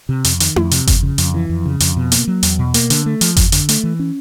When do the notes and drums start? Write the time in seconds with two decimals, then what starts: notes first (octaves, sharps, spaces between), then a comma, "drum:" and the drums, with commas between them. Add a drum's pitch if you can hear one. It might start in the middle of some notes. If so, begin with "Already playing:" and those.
0.09 C3
0.24 F2, drum: hi-hat
0.40 D#3, drum: hi-hat
0.56 F2, drum: tom E4
0.71 C3, drum: hi-hat
0.87 F2, drum: kick G1, hi-hat
1.03 C#3
1.18 F2, drum: hi-hat
1.34 E3
1.49 F2
1.65 C#3
1.80 F2, drum: hi-hat
1.97 B2
2.12 A#3, drum: hi-hat
2.27 F#3
2.43 E2, drum: hi-hat
2.59 B2
2.74 A#3, drum: hi-hat
2.90 D3, drum: hi-hat
3.06 A3
3.21 F3, drum: hi-hat
3.36 F2, drum: kick G1, hi-hat
3.52 D3, drum: hi-hat
3.69 A3, drum: hi-hat
3.83 E3
3.99 C#4